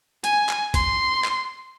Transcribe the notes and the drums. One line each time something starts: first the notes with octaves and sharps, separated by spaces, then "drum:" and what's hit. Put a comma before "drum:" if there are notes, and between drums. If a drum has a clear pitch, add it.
G#5, drum: hi-hat
drum: clap
C6, drum: kick, hi-hat
drum: clap